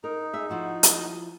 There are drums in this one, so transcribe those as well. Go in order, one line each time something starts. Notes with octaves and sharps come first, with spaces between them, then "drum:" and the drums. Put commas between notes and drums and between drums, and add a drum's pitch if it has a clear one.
D#4 A#4
G#4 E5
F3 E4 F#4
drum: hi-hat